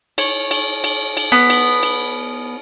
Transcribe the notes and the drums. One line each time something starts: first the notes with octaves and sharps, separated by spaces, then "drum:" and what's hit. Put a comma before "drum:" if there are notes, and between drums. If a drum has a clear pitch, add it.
C#5, drum: cymbal
drum: cymbal
drum: cymbal
drum: cymbal
B3
drum: cymbal
drum: cymbal